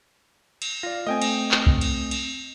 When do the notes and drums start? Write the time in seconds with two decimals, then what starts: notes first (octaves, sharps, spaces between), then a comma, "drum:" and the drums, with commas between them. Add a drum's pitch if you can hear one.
0.62 drum: cymbal
0.83 F4 D5 A#6
1.07 A3 C4 D#5 G5 G#5
1.22 drum: cymbal
1.51 drum: clap
1.66 drum: kick C2
1.81 drum: cymbal
2.11 drum: cymbal